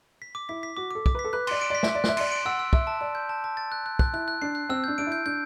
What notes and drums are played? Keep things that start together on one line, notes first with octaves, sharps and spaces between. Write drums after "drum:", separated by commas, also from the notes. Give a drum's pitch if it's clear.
B6
D6
E4 B6
B6
F#4 D6
A4 D6
D6, drum: kick
B4 B6
A4
B4 F#6
D5 C6, drum: cymbal
D7
D5 B6
E5, drum: snare
B6
D5
E5 F#6, drum: snare
D5 C6, drum: cymbal
D7
F#5 E6
E6
E5 E6, drum: kick
A5
D5 A5
G6
A5
A5
A6
F#6
F#6
F#6, drum: kick
E4 F#6
F#6
D4 C7
F#6
C4 E6
D4 G6
D4 D7
E4 G6
D4 G6